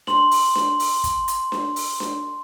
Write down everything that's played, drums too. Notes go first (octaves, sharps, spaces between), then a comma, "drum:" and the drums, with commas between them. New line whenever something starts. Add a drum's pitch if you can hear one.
C6 F#7, drum: snare D4
drum: open hi-hat
drum: snare D4
drum: open hi-hat
drum: kick, hi-hat
drum: hi-hat
drum: snare D4
drum: open hi-hat
drum: snare D4